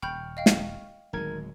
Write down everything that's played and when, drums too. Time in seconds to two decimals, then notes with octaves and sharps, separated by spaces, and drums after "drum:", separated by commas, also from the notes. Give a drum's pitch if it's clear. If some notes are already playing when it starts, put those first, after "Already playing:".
0.02 D#1 G5 B5 C#6 F6 G6
0.37 D#5 F5 G5
0.46 drum: snare
1.13 D1 D#3 F#3 G#3 A#4 G#6